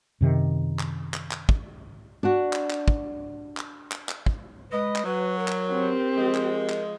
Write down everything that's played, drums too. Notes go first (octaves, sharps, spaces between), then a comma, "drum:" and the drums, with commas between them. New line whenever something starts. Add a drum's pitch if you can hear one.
F#2 C3 D#3
drum: clap
drum: clap
drum: clap
drum: kick
D4 F#4
drum: clap
drum: clap
drum: kick
drum: clap
drum: clap
drum: clap
drum: kick
G#3 B4 D#5
drum: clap
F#3 B4
A#4
drum: clap
C4 G4
F3 G#3
drum: clap
drum: clap